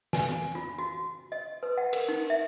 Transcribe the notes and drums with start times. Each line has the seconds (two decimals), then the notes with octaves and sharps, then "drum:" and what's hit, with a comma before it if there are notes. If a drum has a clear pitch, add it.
0.13 G#5, drum: snare
0.55 F4
0.78 F#4
1.32 D#5
1.63 B4
1.78 F#5
1.93 A#4, drum: cymbal
2.09 D#4
2.30 E5